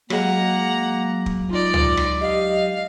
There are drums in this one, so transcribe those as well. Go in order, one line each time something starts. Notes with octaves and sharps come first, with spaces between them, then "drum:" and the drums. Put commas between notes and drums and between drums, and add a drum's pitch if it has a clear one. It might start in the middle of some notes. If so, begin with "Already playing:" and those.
F#3 G#3 A#3 F#5 A#5, drum: rim click
drum: kick
D#4 F4 D5
drum: tom C#2
drum: rim click
G4 D#5 F5